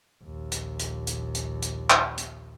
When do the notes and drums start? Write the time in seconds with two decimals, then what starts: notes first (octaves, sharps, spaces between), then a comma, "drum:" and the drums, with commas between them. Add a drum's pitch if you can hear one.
0.24 A#1 D#2
0.52 drum: hi-hat
0.79 drum: hi-hat
1.07 drum: hi-hat
1.35 drum: hi-hat
1.62 drum: hi-hat
1.90 drum: clap
2.18 drum: hi-hat